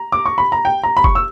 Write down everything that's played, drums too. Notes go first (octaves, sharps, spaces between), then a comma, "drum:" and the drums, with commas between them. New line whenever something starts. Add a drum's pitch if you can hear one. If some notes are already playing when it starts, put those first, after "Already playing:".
Already playing: A#5
D6
C#6
B5
A#5
G5
A#5
B5
C#6, drum: kick F1
E6